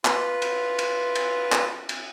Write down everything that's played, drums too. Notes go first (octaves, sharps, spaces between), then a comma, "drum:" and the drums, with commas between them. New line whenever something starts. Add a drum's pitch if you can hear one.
F4 B4, drum: clap
drum: cymbal
drum: cymbal
drum: cymbal
drum: clap
drum: cymbal